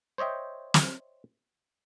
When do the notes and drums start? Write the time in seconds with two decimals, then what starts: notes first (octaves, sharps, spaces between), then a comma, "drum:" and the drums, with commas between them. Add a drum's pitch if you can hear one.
0.18 C5 C#5 D#5 E5 G5
0.74 drum: snare